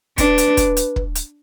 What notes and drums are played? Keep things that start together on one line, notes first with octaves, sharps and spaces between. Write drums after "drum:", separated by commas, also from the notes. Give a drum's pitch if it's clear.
D4 B4, drum: kick, hi-hat
drum: hi-hat
drum: kick, hi-hat
drum: hi-hat
drum: kick
drum: hi-hat